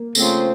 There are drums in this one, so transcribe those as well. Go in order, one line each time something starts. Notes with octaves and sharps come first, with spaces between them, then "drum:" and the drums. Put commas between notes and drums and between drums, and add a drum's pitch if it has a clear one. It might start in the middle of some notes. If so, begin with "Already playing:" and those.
Already playing: A#3
C#3 F3 A3 C4 F4, drum: tambourine